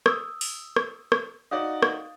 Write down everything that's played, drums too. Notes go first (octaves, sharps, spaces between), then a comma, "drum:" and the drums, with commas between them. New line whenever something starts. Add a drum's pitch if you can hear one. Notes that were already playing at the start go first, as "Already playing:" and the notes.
D#6 E6, drum: rim click
drum: open hi-hat
drum: rim click
drum: rim click
D#4 F#4 D5 F5 D#6
drum: rim click